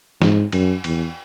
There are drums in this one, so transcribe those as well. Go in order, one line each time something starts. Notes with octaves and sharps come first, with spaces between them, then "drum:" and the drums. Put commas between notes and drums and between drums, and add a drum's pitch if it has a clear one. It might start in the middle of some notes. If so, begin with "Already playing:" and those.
G#2, drum: snare
F#2, drum: cymbal
E2, drum: cymbal